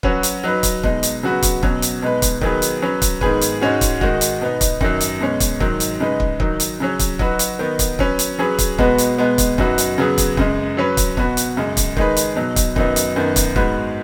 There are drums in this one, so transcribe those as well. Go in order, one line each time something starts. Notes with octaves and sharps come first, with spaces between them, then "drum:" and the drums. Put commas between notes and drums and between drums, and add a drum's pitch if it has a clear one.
F#3 C#4 F#4 B4, drum: kick
drum: hi-hat
F#3 D#4 B4
drum: kick, hi-hat
B2 G#3 D#4, drum: kick
drum: hi-hat
C#3 F#3 B3 F#4 B4
drum: kick, hi-hat
B2 F#3 C#4, drum: kick
drum: hi-hat
B2 G#3 D#4 B4
drum: kick, hi-hat
D#3 F#3 B3 G#4 B4, drum: kick
drum: hi-hat
F#3 C#4 B4
drum: kick, hi-hat
G#2 D#3 B3 G#4 B4, drum: kick
drum: hi-hat
G#2 G#3 C#4 F#4
drum: kick, hi-hat
D#3 G#3 D#4 F#4, drum: kick
drum: hi-hat
B2 B3 D#4
drum: kick, hi-hat
F#2 D#3 F#3, drum: kick
drum: hi-hat
B2 G#3 C#4
drum: kick, hi-hat
G#2 D#3 F#3, drum: kick
drum: hi-hat
C#3 G#3 D#4 B4
drum: kick
D#3 F#3 D#4, drum: kick
drum: hi-hat
C#3 F#3 C#4
drum: kick, hi-hat
F#3 D#4 F#4 B4, drum: kick
drum: hi-hat
D#3 B3 D#4
drum: kick, hi-hat
F#3 C#4 B4, drum: kick
drum: hi-hat
F#3 C#4 G#4 B4
drum: kick, hi-hat
B2 G#3 B3 F#4 B4, drum: kick
drum: hi-hat
B2 G#3 B3
drum: kick, hi-hat
F#2 F#3 D#4 F#4 B4, drum: kick
drum: hi-hat
C#3 F#3 B3 G#4
drum: kick, hi-hat
F#2 C#3 G#3, drum: kick
F#3 C#4 B4
drum: kick, hi-hat
B2 B3 F#4 B4, drum: kick
drum: hi-hat
F#2 C#3 G#3
drum: kick, hi-hat
D#3 G#3 D#4 G#4 B4, drum: kick
drum: hi-hat
B2 F#3 D#4
drum: kick, hi-hat
F#2 D#3 F#3 B3 D#4, drum: kick
drum: hi-hat
F#2 D#3 B3
drum: kick, hi-hat
G#2 G#3 B3 F#4 B4, drum: kick